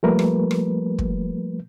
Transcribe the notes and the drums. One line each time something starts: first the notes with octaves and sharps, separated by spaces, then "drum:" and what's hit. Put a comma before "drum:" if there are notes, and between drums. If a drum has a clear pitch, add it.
F3 G3 A3 A#3 A#4 B4
drum: rim click
drum: rim click
drum: kick